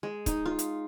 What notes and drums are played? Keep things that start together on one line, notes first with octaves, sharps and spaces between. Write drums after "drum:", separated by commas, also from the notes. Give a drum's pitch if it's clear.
G#3
D#4, drum: kick, hi-hat
F4
drum: hi-hat